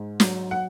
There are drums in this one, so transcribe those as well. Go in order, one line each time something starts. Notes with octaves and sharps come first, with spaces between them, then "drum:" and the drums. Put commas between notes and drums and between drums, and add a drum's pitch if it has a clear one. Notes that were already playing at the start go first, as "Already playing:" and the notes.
Already playing: G#2
F#3, drum: snare
F#5